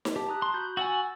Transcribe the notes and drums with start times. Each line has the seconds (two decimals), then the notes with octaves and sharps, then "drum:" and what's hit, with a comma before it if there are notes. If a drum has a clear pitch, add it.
0.05 drum: snare D#4
0.16 G4 A5
0.28 A#5 D#6 F#6
0.42 C6
0.54 F#4 B5 G6
0.77 F#4 F#5 G#5 E6 G6 A6